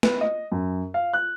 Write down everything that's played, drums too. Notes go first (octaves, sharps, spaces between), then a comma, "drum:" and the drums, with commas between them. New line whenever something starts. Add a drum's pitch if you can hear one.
B4, drum: snare
D#5
F#2
F5
F#6